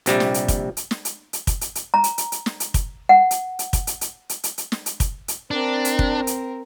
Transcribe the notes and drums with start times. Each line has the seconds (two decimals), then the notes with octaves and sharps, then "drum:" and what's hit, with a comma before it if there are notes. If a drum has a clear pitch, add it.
0.06 A#1 C3 G3 D5, drum: hi-hat
0.20 drum: snare
0.34 drum: hi-hat
0.48 drum: kick, hi-hat
0.77 drum: hi-hat
0.91 drum: snare
1.05 drum: hi-hat
1.33 drum: hi-hat
1.47 drum: kick, hi-hat
1.61 drum: hi-hat
1.75 drum: hi-hat
1.94 A#5
2.04 drum: hi-hat
2.18 drum: hi-hat
2.32 drum: hi-hat
2.46 drum: snare
2.60 drum: hi-hat
2.74 drum: kick, hi-hat
3.09 F#5
3.31 drum: hi-hat
3.59 drum: hi-hat
3.73 drum: kick, hi-hat
3.87 drum: hi-hat
4.01 drum: hi-hat
4.29 drum: hi-hat
4.44 drum: hi-hat
4.58 drum: hi-hat
4.72 drum: snare
4.86 drum: hi-hat
5.00 drum: kick, hi-hat
5.28 drum: hi-hat
5.51 C4 D4 A#4
5.85 drum: hi-hat
5.99 drum: kick
6.27 drum: hi-hat